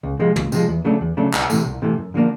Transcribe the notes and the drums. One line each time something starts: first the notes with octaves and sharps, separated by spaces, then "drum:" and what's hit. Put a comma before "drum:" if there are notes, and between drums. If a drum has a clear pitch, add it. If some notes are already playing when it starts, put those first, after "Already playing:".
C#2
C3 F3 G#3
C#2, drum: tom
C3 F3 G#3, drum: tambourine
E2
C#3 F#3 A3 D4
E2
C#3 F#3 A3 D4
C2, drum: clap
C3 E3 A3, drum: tambourine
C2
C3 E3 A3
F#2
D3 F3 A#3 D4